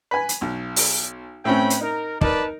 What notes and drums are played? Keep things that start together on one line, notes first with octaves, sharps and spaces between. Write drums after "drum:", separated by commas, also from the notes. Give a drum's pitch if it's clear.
B4 G#5
drum: hi-hat
B1
drum: open hi-hat
A2 C4 C#4 B4 G5 B5
drum: hi-hat
D#4 A#4
D#4 A#4 B4 D5 A5, drum: kick